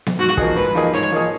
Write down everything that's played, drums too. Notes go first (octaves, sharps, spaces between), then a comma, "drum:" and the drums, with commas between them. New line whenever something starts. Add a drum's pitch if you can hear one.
drum: snare B3
G#2 F#4
F3 A#3 D#4 G#4, drum: kick
G#2 B4
F3 A#3 D#4 G#4
G#2 C#5, drum: hi-hat
F3 A#3 D#4 G#4